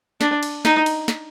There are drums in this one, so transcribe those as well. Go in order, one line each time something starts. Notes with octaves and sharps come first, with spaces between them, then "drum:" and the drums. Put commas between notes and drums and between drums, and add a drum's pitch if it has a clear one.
D4, drum: snare
drum: cymbal
D#4, drum: snare
drum: cymbal
drum: snare